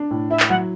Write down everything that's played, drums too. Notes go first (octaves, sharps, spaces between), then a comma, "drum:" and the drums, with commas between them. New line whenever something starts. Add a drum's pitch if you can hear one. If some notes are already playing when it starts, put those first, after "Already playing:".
Already playing: D4
A2
E4 E5
drum: clap
F#3 F#5